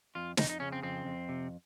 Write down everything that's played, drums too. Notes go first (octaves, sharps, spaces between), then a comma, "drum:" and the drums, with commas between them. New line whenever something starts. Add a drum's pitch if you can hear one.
F2 F4
F2 D#4, drum: snare
D#4
C#3 C#4
C4
F2 C4
F2
C3